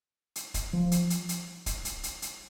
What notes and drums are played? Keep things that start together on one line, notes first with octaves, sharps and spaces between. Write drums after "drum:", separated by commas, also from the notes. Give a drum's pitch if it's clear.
drum: hi-hat
drum: kick D1, hi-hat
F3
drum: hi-hat
drum: hi-hat
drum: hi-hat
drum: kick D1, hi-hat
drum: hi-hat
drum: hi-hat
drum: hi-hat